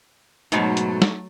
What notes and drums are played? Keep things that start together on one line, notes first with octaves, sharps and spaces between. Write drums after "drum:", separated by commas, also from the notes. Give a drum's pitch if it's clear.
G#2 B2 F#3 A3 D#4 F#4 C#5, drum: hi-hat
drum: hi-hat
drum: snare